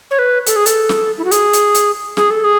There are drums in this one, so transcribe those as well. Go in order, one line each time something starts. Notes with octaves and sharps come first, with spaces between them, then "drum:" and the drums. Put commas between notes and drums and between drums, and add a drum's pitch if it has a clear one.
C#5
B4
A4, drum: hi-hat
G#4
A4, drum: hi-hat
drum: snare
E4
F#4
G#4, drum: hi-hat
drum: hi-hat
drum: hi-hat
G#4, drum: snare
A4
G#4